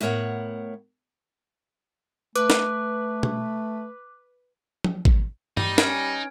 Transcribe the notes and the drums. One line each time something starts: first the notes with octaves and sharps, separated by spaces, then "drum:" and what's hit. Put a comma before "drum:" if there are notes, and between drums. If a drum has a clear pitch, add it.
A2 B3 A#4 C#5 F#5
A3 B4 D6 F#6, drum: hi-hat
drum: snare
drum: tom
drum: tom
drum: kick G#1
G3 D#4, drum: tom G2
C#4 B4 F6 G#6 D7, drum: snare